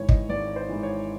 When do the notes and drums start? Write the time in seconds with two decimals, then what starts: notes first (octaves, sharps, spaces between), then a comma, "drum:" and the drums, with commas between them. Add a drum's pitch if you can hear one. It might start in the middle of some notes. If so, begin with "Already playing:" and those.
Already playing: G#1 G#2 E3 C#5
0.09 D#5, drum: kick
0.29 G#1 D5
0.56 C5
0.69 G#2 E3
0.83 C#5